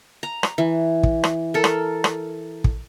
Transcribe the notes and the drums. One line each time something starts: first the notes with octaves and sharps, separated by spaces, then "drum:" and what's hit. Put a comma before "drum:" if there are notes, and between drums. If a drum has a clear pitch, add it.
A#5
drum: rim click
E3
drum: kick
drum: rim click
A4 A#4
drum: rim click
drum: rim click
drum: kick